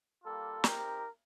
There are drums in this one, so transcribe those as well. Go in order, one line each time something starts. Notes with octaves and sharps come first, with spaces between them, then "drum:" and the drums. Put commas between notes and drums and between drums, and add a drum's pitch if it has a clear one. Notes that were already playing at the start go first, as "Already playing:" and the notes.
G3 A#3 F4 A4
C4 D#4 G4 A#4, drum: snare